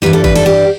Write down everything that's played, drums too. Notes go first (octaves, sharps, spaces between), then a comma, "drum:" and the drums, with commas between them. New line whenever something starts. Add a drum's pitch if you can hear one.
G2 E3 G3 B4
A4
B4, drum: kick
A4, drum: cymbal
G4